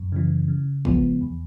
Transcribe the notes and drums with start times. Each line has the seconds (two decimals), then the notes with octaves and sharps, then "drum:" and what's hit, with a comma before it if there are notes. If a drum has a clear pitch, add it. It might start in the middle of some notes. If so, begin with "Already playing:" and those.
Already playing: F#2
0.12 C#3 E3
0.48 C#3
0.85 F3 G#3 B3, drum: kick
1.21 E2